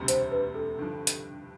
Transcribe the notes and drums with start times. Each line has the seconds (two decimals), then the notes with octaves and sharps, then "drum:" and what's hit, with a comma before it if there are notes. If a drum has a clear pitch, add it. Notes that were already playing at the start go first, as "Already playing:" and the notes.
Already playing: E1 D2 C3 G3
0.08 C5, drum: hi-hat
0.32 B4
0.55 A4
0.79 G2 D3 F3
1.07 drum: hi-hat